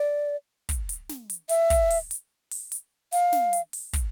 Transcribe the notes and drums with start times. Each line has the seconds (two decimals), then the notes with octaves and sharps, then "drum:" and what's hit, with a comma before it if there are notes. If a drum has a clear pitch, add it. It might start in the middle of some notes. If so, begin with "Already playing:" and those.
Already playing: D5
0.69 drum: kick, hi-hat
0.89 drum: hi-hat
1.09 drum: snare
1.30 drum: hi-hat
1.49 E5, drum: hi-hat
1.70 drum: kick, hi-hat
1.90 drum: open hi-hat
2.11 drum: hi-hat
2.51 drum: open hi-hat
2.72 drum: hi-hat
3.12 F5, drum: hi-hat
3.32 drum: snare
3.53 drum: hi-hat
3.73 drum: open hi-hat
3.93 drum: kick, hi-hat